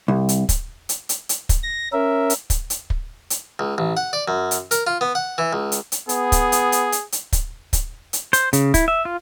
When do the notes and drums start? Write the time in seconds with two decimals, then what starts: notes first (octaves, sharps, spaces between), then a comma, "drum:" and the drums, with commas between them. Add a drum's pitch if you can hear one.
0.08 C2
0.29 drum: hi-hat
0.49 drum: kick, hi-hat
0.89 drum: hi-hat
1.09 drum: hi-hat
1.29 drum: hi-hat
1.49 drum: kick, hi-hat
1.63 A#6
1.93 C#4 A#4 E5
2.30 drum: hi-hat
2.50 drum: kick, hi-hat
2.70 drum: hi-hat
2.90 drum: kick
3.30 drum: hi-hat
3.59 C#2
3.78 A1
3.97 F#5
4.13 D5
4.28 F#2
4.51 drum: hi-hat
4.71 A#4, drum: hi-hat
4.87 F4
5.01 B3
5.15 F#5
5.38 E3
5.53 C#2
5.72 drum: hi-hat
5.92 drum: hi-hat
6.09 B3 G#4, drum: hi-hat
6.32 drum: kick, hi-hat
6.52 drum: hi-hat
6.72 drum: hi-hat
6.92 drum: hi-hat
7.12 drum: hi-hat
7.33 drum: kick, hi-hat
7.73 drum: kick, hi-hat
8.13 drum: hi-hat
8.33 C5, drum: hi-hat
8.53 C#3, drum: hi-hat
8.74 E4, drum: kick, hi-hat
8.88 E5
9.05 F4